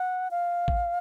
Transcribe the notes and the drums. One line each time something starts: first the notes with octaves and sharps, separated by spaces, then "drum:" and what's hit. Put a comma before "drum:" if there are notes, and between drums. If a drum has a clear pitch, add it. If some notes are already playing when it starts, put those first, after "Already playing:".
Already playing: F#5
F5
drum: kick A1